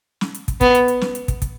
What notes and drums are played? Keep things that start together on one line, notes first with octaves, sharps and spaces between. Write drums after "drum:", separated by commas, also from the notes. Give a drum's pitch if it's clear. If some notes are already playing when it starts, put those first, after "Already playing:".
drum: snare
drum: hi-hat
drum: kick, hi-hat
B3, drum: kick, hi-hat
drum: hi-hat
drum: hi-hat
drum: snare
drum: hi-hat
drum: kick, hi-hat
drum: kick, hi-hat